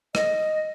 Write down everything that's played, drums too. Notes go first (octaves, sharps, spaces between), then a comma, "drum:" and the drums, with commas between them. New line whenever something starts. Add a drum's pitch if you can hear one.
D#5, drum: rim click